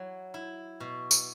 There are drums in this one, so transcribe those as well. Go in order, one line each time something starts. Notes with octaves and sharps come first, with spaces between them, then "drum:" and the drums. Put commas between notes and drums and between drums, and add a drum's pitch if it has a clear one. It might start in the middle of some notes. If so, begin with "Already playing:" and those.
Already playing: F#3 E4
E4
B2
drum: tambourine